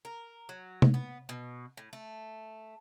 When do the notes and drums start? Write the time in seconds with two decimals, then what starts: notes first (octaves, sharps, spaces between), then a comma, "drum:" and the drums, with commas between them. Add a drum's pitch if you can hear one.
0.05 A#4
0.49 F#3
0.82 drum: tom C3
0.94 B3
1.29 B2
1.77 A2
1.93 A3